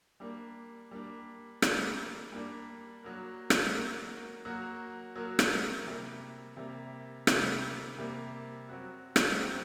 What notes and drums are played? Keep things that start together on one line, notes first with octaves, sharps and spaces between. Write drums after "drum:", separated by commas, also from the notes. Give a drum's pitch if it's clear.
G3 A#3 D4
G3 A#3 D4
G3 A#3 D4, drum: rim click
G3 A#3 D4
F#3 A#3 F#4 A#4
drum: rim click
F#3 A#3 F#4 A#4
F#3 A#3 F#4 A#4
F#3 A#3 F#4 A#4
drum: rim click
C3 G3 A#3
C3 G3 A#3
C3 G3 A#3, drum: rim click
C3 G3 A#3
F#3 C4 F#4
drum: rim click
F#3 C4 F#4